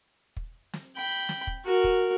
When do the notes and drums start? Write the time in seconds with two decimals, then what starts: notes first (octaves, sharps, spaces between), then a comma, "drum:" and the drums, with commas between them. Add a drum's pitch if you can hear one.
0.37 drum: kick
0.73 drum: snare
0.97 G5 B5
1.29 drum: snare
1.47 drum: kick
1.66 F#4 A#4
1.84 drum: kick